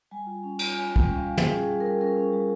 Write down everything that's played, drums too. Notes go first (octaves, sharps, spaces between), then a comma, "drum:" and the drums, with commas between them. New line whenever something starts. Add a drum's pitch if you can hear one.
G3 G#5
F4
C#4
F4, drum: cymbal
F4 G#5
G3
G5, drum: kick
C#4
G3 F5
F4 G#4, drum: tom
C#4 G#4
G3
A#4
G3
C#4 A#4
C#4
G3